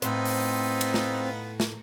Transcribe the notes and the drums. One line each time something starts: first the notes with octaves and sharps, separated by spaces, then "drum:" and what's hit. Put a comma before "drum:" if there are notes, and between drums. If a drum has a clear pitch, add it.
A2 B3 C4 D#4 F4 C5, drum: hi-hat
drum: open hi-hat
drum: cymbal
drum: snare
drum: snare